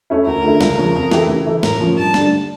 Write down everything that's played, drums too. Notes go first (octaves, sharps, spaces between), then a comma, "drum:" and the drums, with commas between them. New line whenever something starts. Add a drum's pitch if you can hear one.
A3 C#4 E4
D2 A#4
D3 A3 E4
C#2, drum: snare
C#3 F3 C#4
F2
E3 A3 E4 G4, drum: snare
C#3
E3 A3 E4
A2 A#4, drum: snare
F3 C#4
G2 A5
D3 G3 D4, drum: snare